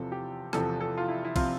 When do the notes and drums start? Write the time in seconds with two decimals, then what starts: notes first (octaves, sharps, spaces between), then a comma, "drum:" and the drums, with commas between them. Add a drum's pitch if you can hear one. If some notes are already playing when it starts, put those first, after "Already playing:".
Already playing: E2 C3 F3 C4 A4
0.12 G4
0.53 E2 C3 F3 C4 A4, drum: rim click
0.81 A4
0.98 F4
1.08 E4
1.25 E4
1.36 C3 F3 C4 F4, drum: kick, cymbal